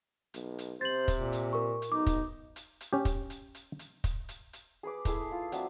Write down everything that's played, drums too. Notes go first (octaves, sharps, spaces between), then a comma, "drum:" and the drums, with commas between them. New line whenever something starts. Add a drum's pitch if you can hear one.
B1, drum: hi-hat
drum: hi-hat
C3 C5 A6 F#7
drum: kick, hi-hat
A#2
drum: hi-hat
A#4 C#6
drum: hi-hat
B1 D#4 D6
drum: kick, hi-hat
drum: hi-hat
drum: hi-hat
C#4 G4
drum: kick, hi-hat
drum: hi-hat
drum: hi-hat
drum: hi-hat
drum: kick, hi-hat
drum: hi-hat
drum: hi-hat
G#4 B4 D6
A3 E4 G#4, drum: kick, hi-hat
F4
F#3 C4 D4 E5, drum: hi-hat